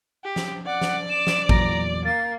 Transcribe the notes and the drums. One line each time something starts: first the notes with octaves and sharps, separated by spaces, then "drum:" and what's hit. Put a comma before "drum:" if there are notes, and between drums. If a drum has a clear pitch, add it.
G4
drum: snare
D5 F#5 D6
drum: snare
E7
drum: snare
E2 A#2 F#3 A#5, drum: kick A1
A#3 A6